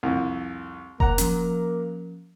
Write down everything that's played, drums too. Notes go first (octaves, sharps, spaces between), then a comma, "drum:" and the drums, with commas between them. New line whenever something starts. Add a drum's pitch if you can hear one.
C2 F2
A#3 F#5 A#5, drum: kick F1
F3 C#4, drum: hi-hat